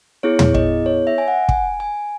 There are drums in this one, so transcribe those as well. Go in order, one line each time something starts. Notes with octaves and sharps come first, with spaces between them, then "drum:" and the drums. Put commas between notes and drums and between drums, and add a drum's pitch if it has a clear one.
B3 E4 G#4 C#5
drum: tom
D#5, drum: kick
C#5
E5
G#5
F#5
G#5, drum: kick
G#5